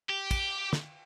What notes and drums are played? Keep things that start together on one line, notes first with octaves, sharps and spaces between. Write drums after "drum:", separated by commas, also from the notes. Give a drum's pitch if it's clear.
G4
drum: kick, cymbal
drum: snare